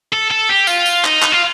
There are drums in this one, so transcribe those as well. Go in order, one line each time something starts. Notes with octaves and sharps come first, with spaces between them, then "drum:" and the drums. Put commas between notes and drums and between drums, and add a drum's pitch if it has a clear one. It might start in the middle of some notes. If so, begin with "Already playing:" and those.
A4
A4
G4
F4, drum: tambourine
drum: tambourine
D#4, drum: clap
drum: clap
F4